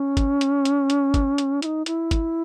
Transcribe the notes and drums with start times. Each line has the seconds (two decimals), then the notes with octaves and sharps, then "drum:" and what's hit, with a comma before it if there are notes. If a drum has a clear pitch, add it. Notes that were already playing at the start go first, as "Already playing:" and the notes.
Already playing: C#4
0.17 drum: kick G#1, hi-hat
0.41 drum: hi-hat
0.65 drum: hi-hat
0.90 drum: hi-hat
1.14 drum: kick G#1, hi-hat
1.38 drum: hi-hat
1.62 E4, drum: hi-hat
1.66 D#4
1.86 E4, drum: hi-hat
2.11 drum: kick G#1, hi-hat